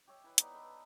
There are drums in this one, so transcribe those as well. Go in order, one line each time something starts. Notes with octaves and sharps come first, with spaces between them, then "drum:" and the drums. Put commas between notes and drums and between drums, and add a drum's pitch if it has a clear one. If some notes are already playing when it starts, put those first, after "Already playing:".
G4 C#5 E5
E3 B4
B3 D#4 B4 D5, drum: hi-hat
A4 B4